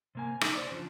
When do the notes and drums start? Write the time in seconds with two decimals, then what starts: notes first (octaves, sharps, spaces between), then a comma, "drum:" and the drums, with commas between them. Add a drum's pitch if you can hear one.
0.15 C3 A#3 G#5
0.41 D#4, drum: rim click
0.55 C5 D5
0.71 C#3 F3 D4